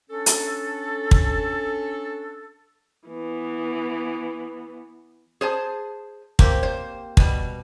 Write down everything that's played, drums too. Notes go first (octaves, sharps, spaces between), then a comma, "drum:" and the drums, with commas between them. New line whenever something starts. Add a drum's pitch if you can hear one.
C#4 D4 A4
drum: hi-hat
drum: kick
E3 B3
G#4 C5 A5
A#3 C4 G4, drum: kick
C5
B2 G3, drum: kick